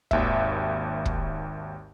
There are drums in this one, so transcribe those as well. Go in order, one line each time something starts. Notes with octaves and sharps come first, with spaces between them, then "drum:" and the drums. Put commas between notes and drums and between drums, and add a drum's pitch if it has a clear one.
G#1 D#2 E5, drum: kick
drum: kick